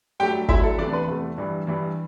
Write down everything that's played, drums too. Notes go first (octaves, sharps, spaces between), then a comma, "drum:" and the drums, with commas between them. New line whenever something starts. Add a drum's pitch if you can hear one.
G2 F#3 A3 G4 G5
G2 F#3 A3 E4 E5, drum: kick G1
A4
E2 C3 E3 A3 D4 D5
B4
E2 C3 E3 A3
G2 E3 G3
G2 E3 G3